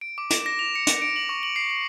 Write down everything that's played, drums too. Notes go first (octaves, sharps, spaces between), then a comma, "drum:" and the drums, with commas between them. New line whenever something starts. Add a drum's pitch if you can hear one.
D7
D6
E7, drum: hi-hat
A#6
F7
C#7
drum: hi-hat
D7
F#7
C#6
F#7
C7
C7